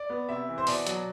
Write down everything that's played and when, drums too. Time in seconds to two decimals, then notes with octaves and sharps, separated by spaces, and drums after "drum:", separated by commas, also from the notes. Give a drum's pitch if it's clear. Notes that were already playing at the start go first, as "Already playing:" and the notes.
Already playing: D5
0.10 B3
0.29 C3 E5
0.49 E3
0.58 C5
0.67 B2 D5, drum: open hi-hat
0.87 F#3, drum: hi-hat